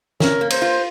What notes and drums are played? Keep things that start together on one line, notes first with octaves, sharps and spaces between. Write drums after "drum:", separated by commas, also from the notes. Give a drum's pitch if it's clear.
C#4 A#4, drum: snare
A#3
C5, drum: cymbal
F4